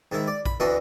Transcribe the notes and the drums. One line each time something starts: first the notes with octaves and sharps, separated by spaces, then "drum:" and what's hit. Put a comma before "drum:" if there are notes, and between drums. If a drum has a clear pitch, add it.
G#2 D#3 E4
D5
B5, drum: kick A#1
D2 E3 D4 F#4 D#5 E5